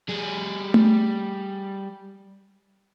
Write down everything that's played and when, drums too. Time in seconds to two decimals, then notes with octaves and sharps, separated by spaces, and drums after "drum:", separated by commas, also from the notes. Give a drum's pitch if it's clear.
0.09 G3 G#4
0.74 drum: tom A3